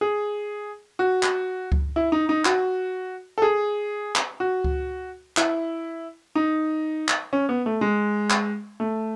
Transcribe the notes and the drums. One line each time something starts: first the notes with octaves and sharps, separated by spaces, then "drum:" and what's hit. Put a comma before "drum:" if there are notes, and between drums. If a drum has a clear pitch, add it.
G#4
F#4
drum: clap
drum: kick C#2
E4
D#4
D#4
F#4, drum: clap
A4
G#4
drum: clap
F#4
drum: kick C#2
E4, drum: clap
D#4
drum: clap
C#4
B3
A3
G#3
drum: clap
A3